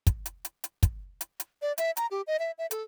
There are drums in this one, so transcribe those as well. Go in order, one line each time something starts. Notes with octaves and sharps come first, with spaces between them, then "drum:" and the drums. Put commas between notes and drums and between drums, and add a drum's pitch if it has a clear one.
drum: kick, hi-hat
drum: hi-hat
drum: hi-hat
drum: hi-hat
drum: kick, hi-hat
drum: hi-hat
drum: hi-hat
D5
E5, drum: hi-hat
A#5, drum: hi-hat
G4
D#5
E5
E5
A4, drum: hi-hat